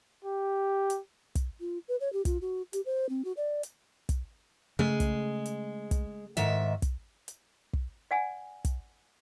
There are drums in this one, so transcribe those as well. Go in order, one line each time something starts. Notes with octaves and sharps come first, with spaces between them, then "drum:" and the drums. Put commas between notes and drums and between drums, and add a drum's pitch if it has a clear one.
G4
drum: hi-hat
drum: kick, hi-hat
F4
B4
C#5
G4
F4, drum: kick, hi-hat
F#4
G4, drum: hi-hat
C5
C4
F#4
D5
drum: hi-hat
drum: kick, hi-hat
C#3 G#3 A3
drum: kick, hi-hat
drum: hi-hat
drum: kick, hi-hat
G#2 D#3 E5, drum: hi-hat
drum: kick, hi-hat
drum: hi-hat
drum: kick
D5 F#5 G#5
drum: kick, hi-hat